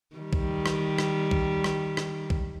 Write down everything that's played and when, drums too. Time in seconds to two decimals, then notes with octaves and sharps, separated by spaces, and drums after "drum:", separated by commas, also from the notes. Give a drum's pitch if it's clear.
0.16 D#3 G3
0.33 drum: kick B1
0.66 drum: rim click
0.98 drum: rim click
1.31 drum: kick B1
1.64 drum: rim click
1.97 drum: rim click
2.30 drum: kick B1